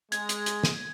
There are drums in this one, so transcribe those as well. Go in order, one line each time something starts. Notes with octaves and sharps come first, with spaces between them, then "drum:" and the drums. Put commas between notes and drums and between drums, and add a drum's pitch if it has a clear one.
G#3 G#6, drum: hi-hat
drum: hi-hat
drum: hi-hat
drum: snare